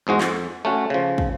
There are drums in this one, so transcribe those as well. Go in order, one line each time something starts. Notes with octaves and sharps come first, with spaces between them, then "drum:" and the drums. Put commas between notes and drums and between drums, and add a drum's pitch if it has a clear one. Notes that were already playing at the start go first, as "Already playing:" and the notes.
E2 G#2 G#3 F#4
F2, drum: clap
A3 C#4 F#4
C#3 F3
drum: kick